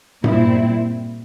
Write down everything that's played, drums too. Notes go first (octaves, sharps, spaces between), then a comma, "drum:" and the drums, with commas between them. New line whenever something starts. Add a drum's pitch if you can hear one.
A#2 G3 C4 E4, drum: tom G2